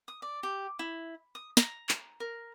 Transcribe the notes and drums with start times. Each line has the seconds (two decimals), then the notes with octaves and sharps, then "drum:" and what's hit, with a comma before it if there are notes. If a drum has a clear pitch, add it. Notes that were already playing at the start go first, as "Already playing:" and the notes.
0.08 D#6
0.22 D5
0.43 G4
0.79 E4
1.35 D#6
1.57 A#5, drum: snare
1.89 drum: clap
2.20 A#4